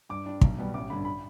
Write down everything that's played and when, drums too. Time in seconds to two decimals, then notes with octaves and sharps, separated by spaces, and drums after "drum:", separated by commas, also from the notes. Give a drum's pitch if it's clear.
0.09 G2 D6
0.26 G3 D4
0.41 B1, drum: kick
0.58 B2 G3 B3
0.74 A1 D6
0.90 G2 D3 B5
1.05 B5